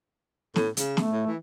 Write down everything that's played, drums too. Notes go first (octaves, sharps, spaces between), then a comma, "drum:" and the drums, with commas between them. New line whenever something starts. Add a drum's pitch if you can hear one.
A2, drum: snare
C#3, drum: hi-hat
A3, drum: snare
A2
E3